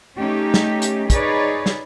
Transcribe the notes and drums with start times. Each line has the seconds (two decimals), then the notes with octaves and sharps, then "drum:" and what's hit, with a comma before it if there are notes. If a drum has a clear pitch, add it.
0.18 A3 C#4 D#4 G4
0.54 drum: snare
0.82 drum: hi-hat
1.10 D#4 G#4 B4 C#5 D5, drum: kick, hi-hat
1.66 drum: snare